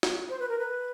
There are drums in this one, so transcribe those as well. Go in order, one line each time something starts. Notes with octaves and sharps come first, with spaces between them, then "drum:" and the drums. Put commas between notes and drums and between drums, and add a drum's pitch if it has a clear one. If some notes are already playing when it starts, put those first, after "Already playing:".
drum: snare
C5
B4
A#4
B4